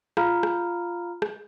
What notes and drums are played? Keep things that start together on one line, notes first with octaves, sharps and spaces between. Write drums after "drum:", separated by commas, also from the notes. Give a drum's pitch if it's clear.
F4 F5 A#5 B5 F6, drum: rim click
drum: rim click
drum: rim click